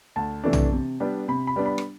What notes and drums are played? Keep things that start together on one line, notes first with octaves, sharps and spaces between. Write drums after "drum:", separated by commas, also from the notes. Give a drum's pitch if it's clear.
D2 A5
C3 E3 A3 D4
drum: tom
C3
G3 B3 D4
C3 B5
B5
G3 B3 D4
B5
drum: rim click